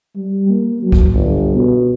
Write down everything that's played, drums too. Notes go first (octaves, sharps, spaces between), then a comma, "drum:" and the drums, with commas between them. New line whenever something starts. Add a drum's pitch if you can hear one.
G3
A#3
F#3
drum: kick C2
G1
B2